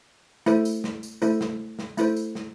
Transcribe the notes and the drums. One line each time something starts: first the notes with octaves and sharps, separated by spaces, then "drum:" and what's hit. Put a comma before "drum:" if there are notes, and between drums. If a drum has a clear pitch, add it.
A3 E4 A4 C5, drum: tambourine
drum: tambourine
drum: snare
drum: tambourine
A3 E4 A4 C5, drum: tambourine
drum: snare
drum: snare
A3 E4 A4 C5, drum: tambourine
drum: tambourine
drum: snare